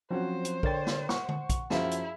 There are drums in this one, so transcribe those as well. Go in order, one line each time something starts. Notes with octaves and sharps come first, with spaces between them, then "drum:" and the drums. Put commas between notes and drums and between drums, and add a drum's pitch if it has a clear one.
F3 F#3 C4 C#4 F#4 C5
drum: hi-hat
D3 A#4 C#5 D5 G5 A6, drum: kick A#1
drum: snare
F#5 C#6, drum: snare
drum: tom D3
drum: kick A#1, hi-hat
F#2 F3 E4 G#4 E5 F5, drum: snare
drum: hi-hat